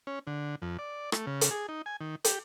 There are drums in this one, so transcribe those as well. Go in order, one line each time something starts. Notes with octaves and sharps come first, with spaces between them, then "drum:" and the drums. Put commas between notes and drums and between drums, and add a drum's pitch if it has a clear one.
C#4
D3
F2
D5
A3, drum: rim click
C#3
drum: hi-hat
G#4
D#4
G#5
D#3
G4, drum: hi-hat